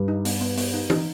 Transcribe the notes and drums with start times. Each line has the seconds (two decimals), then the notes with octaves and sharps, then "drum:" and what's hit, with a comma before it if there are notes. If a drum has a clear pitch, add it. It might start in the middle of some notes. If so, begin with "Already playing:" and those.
Already playing: G2
0.08 D#4
0.25 B3, drum: open hi-hat
0.41 B3
0.57 B3, drum: open hi-hat
0.74 D#4
0.90 D#4, drum: tom